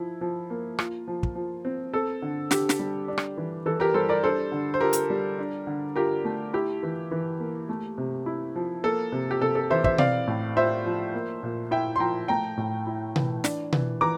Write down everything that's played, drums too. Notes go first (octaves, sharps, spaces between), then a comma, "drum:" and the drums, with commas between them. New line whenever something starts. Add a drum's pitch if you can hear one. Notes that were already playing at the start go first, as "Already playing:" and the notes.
Already playing: F3 E4
F3
A#3
F4, drum: rim click
F3
drum: kick
F3
C4
C4 A4
D3
D3 G4, drum: snare
drum: snare
G3
D4
drum: rim click
E3
E3 A4
G4 A#4
G3 A4 C5
A#4 D5
D4 A4 C5
D3
C5
F4 G4 A#4
drum: hi-hat
G3
D4
D3
F4 G4 A#4
A3
E4 G4
E3
E3
A#3
A3
C3
E4
F3
A#3 A4
C3
G4
C3 A4
A4
E3 C5 E5
C5 E5, drum: kick
C4 D5 F5, drum: tom B2
A2
F4 C5 E5
F3
A#3
A#2
E4 E5 G5
C6
F3 G5 A#5
A3 G5 A#5
A2
E4
E3, drum: tom B2
D4, drum: snare
E3, drum: tom B2
E3 A#5 D6